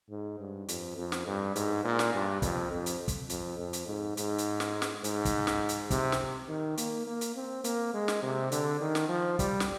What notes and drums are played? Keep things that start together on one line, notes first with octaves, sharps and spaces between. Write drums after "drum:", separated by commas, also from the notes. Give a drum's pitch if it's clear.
G#2
G2
F2, drum: hi-hat
F2
drum: snare
G2
G#2, drum: hi-hat
A#2
drum: snare
G2
F2, drum: kick, hi-hat
F2
drum: hi-hat
drum: kick, hi-hat
F2, drum: hi-hat
F2
drum: hi-hat
G#2
G#2, drum: hi-hat
drum: hi-hat
drum: snare
drum: snare
G#2, drum: hi-hat
drum: kick, hi-hat
drum: snare
drum: hi-hat
C3, drum: kick, hi-hat
drum: snare
D#3
A#3, drum: hi-hat
A#3
drum: hi-hat
C4
A#3, drum: hi-hat
G#3
drum: snare
C3
D3, drum: hi-hat
D#3
drum: snare
F3
G3, drum: kick, hi-hat
drum: snare